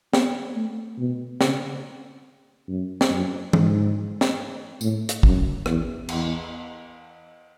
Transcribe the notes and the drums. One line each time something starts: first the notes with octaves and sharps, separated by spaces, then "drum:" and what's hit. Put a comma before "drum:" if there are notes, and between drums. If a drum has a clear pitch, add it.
B3, drum: snare
A3
B2
C#3, drum: snare
F#2
drum: snare
F#2
G#2, drum: tom E3
drum: snare
A2, drum: tambourine
drum: hi-hat
F#2, drum: kick
E2, drum: rim click
E2, drum: cymbal